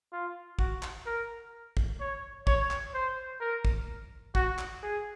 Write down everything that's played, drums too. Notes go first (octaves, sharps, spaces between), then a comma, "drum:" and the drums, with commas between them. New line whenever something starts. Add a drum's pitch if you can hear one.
F4
F#4, drum: kick
drum: clap
A#4
drum: kick
C#5
C#5, drum: kick
drum: clap
C5
A#4
drum: kick
F#4, drum: kick
drum: clap
G#4